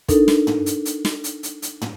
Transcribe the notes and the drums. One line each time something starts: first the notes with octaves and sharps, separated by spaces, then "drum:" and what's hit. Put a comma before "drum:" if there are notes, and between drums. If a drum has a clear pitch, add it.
D4 D#4 A4 A#4, drum: kick, hi-hat
drum: snare
drum: tom
drum: hi-hat
drum: hi-hat
drum: snare
drum: hi-hat
drum: hi-hat
drum: hi-hat
drum: tom